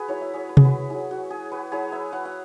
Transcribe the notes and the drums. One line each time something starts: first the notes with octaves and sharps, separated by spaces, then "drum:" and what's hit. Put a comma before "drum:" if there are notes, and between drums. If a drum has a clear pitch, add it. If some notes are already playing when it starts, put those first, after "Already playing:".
Already playing: F#4 G#4 B4
F#3 E4 C#5
E5
G#4 C#5
B4
G#4, drum: tom C3
F#4 B4
F#3 E4 G#4
F#4
G#4
F#4 B4
F#3 E4 G#4 C#5
B4 E5
C#5 F#5
F#5